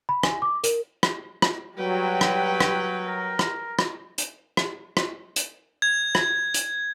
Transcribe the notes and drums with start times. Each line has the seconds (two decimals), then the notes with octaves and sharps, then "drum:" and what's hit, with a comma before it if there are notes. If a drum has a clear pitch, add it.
0.09 B5
0.23 G#5, drum: rim click
0.42 D6
0.64 A#4, drum: hi-hat
1.03 drum: rim click
1.42 drum: rim click
1.78 F#3 G3 B4 G5
2.21 drum: rim click
2.60 drum: rim click
3.03 A#4
3.39 drum: rim click
3.79 drum: rim click
4.18 drum: hi-hat
4.57 drum: rim click
4.97 drum: rim click
5.36 drum: hi-hat
5.82 G#6
6.15 drum: rim click
6.54 drum: hi-hat